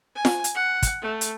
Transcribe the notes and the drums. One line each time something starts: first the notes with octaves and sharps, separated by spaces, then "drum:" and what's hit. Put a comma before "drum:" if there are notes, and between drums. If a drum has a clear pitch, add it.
G#5
drum: snare F4
drum: hi-hat
F#5
drum: kick, hi-hat
A3
drum: hi-hat